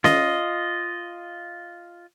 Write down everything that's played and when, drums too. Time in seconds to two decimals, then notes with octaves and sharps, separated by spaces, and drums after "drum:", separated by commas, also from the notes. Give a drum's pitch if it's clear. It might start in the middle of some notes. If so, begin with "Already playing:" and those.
0.04 F4 D#5, drum: snare C#4